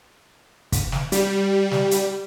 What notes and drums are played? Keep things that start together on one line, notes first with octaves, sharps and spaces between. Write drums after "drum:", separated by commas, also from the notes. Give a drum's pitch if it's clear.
drum: kick, hi-hat
drum: snare
G3, drum: hi-hat
drum: snare
drum: hi-hat